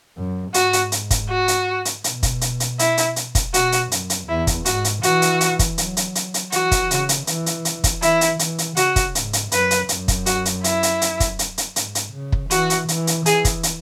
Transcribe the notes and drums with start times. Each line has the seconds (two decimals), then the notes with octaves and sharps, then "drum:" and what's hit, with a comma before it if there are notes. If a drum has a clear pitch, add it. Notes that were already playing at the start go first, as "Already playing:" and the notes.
0.17 F#2
0.54 G#2 F#4, drum: hi-hat
0.73 drum: hi-hat
0.92 drum: hi-hat
1.10 drum: kick, hi-hat
1.30 F#4
1.48 drum: hi-hat
1.85 drum: hi-hat
2.04 B2, drum: hi-hat
2.23 drum: kick, hi-hat
2.41 drum: hi-hat
2.60 drum: hi-hat
2.79 E4, drum: hi-hat
2.97 drum: hi-hat
3.16 drum: hi-hat
3.35 drum: kick, hi-hat
3.54 B2 F#4, drum: hi-hat
3.72 drum: hi-hat
3.92 F#2, drum: hi-hat
4.10 drum: hi-hat
4.28 E2 E4
4.47 drum: kick, hi-hat
4.65 G#2 F#4, drum: hi-hat
4.84 drum: hi-hat
5.03 E3 F#4, drum: hi-hat
5.22 drum: hi-hat
5.41 drum: hi-hat
5.59 drum: kick, hi-hat
5.78 F#3, drum: hi-hat
5.97 drum: hi-hat
6.15 drum: hi-hat
6.34 drum: hi-hat
6.52 E3 F#4, drum: hi-hat
6.71 drum: kick, hi-hat
6.91 C#3, drum: hi-hat
7.09 drum: hi-hat
7.27 E3, drum: hi-hat
7.46 drum: hi-hat
7.65 drum: hi-hat
7.84 drum: kick, hi-hat
8.02 E3 E4, drum: hi-hat
8.21 drum: hi-hat
8.39 E3, drum: hi-hat
8.58 drum: hi-hat
8.77 C#3 F#4, drum: hi-hat
8.96 drum: kick, hi-hat
9.15 G#2, drum: hi-hat
9.33 drum: hi-hat
9.52 F#2 B4, drum: hi-hat
9.71 drum: hi-hat
9.89 F#2, drum: hi-hat
10.08 drum: kick, hi-hat
10.26 F#4, drum: hi-hat
10.45 drum: hi-hat
10.64 E4, drum: hi-hat
10.83 drum: hi-hat
11.02 drum: hi-hat
11.20 drum: kick, hi-hat
11.39 drum: hi-hat
11.58 drum: hi-hat
11.76 G#2, drum: hi-hat
11.95 drum: hi-hat
12.13 C#3
12.32 drum: kick
12.50 E3 F#4, drum: hi-hat
12.70 drum: hi-hat
12.88 E3, drum: hi-hat
13.07 drum: hi-hat
13.26 E3 G#4, drum: hi-hat
13.45 drum: kick, hi-hat
13.63 drum: hi-hat